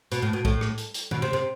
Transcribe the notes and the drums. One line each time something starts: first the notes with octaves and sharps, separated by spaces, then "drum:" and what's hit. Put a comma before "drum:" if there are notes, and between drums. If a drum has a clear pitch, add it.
B2, drum: hi-hat
A2
B2
A2, drum: kick
drum: rim click
drum: hi-hat
drum: hi-hat
B2, drum: tom
C3
C3